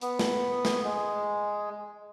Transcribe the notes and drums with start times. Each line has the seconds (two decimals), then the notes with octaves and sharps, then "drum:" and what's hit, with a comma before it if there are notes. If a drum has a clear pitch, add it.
0.01 B3, drum: hi-hat
0.19 drum: snare
0.65 drum: snare
0.84 G#3